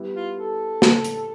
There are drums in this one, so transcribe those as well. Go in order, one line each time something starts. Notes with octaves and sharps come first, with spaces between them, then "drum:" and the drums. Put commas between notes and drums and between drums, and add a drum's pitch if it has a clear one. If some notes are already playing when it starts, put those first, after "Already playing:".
Already playing: G3 B3 E4 G4
F4
A4
drum: snare
drum: hi-hat